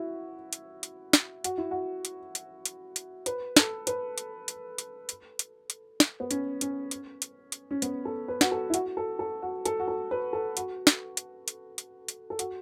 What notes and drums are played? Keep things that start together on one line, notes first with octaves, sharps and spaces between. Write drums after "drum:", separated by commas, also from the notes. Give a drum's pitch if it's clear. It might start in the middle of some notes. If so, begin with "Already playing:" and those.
Already playing: E4 F#4
drum: hi-hat
drum: hi-hat
drum: snare
F#4, drum: hi-hat
E4
F#4
drum: hi-hat
drum: hi-hat
drum: hi-hat
drum: hi-hat
B4, drum: hi-hat
A4, drum: snare
B4, drum: hi-hat
drum: hi-hat
drum: hi-hat
drum: hi-hat
drum: hi-hat
drum: hi-hat
drum: hi-hat
drum: snare
B3
C#4, drum: hi-hat
C#4, drum: hi-hat
drum: hi-hat
drum: hi-hat
drum: hi-hat
C#4
B3, drum: hi-hat
A4
B4
F#4, drum: snare
A4
E4
F#4, drum: hi-hat
A4
A4
F#4
A4, drum: hi-hat
F#4
A4
B4
A4
F#4, drum: hi-hat
drum: snare
drum: hi-hat
drum: hi-hat
drum: hi-hat
drum: hi-hat
A4
F#4, drum: hi-hat